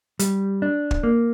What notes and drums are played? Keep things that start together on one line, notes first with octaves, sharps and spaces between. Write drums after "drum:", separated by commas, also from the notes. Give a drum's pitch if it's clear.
G3, drum: hi-hat
D4
drum: kick
A#3